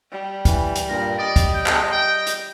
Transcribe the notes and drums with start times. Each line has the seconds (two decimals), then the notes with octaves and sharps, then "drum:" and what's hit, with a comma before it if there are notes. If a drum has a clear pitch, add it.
0.11 G3
0.45 E3, drum: kick, hi-hat
0.76 drum: hi-hat
0.89 G2 A#2 A#4
1.19 D5 D#5
1.36 drum: kick, hi-hat
1.54 G5
1.66 drum: clap
1.92 G5
2.27 drum: hi-hat